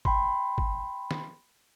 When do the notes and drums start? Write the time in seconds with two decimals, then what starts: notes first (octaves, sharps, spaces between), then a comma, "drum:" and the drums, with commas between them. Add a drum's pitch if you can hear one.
0.05 G5 B5 C6, drum: kick
0.58 drum: kick
1.11 drum: snare